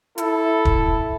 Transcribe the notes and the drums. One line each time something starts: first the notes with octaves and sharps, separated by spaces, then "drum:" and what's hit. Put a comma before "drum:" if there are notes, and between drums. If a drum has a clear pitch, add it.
E4 A4, drum: hi-hat
drum: kick